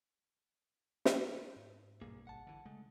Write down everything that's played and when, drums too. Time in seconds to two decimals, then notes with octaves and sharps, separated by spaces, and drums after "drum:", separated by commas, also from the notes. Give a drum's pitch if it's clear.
1.05 drum: snare
1.56 G#2
2.01 B1 G2 A#3 G#4
2.27 G#1 F#5 A5
2.47 D3 E3
2.66 C#3 G#3 A3